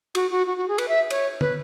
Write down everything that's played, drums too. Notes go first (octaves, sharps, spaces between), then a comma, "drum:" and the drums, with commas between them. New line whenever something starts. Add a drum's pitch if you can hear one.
F#4, drum: cymbal
F#4
F#4
F#4
G#4
B4, drum: cymbal
E5
C#5, drum: cymbal
B4, drum: tom